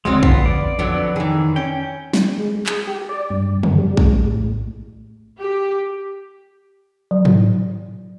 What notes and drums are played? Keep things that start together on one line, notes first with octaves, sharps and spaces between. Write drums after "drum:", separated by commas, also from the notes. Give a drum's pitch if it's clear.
F1 D2 C#3 F#3 G#3 C4
B3 F4, drum: kick
D5
F2 D3 F#3 B3
D#3 E3 G#4
C#4 G5
drum: snare
G#3
G#4, drum: clap
G4
D5
G2
F#2, drum: tom C#3
G3
G#3, drum: kick
A2
G4
F#3
drum: tom G#2